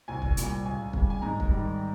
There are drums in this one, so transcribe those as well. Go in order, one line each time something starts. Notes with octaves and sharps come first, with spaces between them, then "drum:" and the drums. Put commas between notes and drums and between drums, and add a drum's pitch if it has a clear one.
C2 G#5
drum: kick
A#2 G3, drum: hi-hat
C#2 G#5
C#3 G3, drum: kick
G#5
G#2 A#5
drum: kick
D#3 G3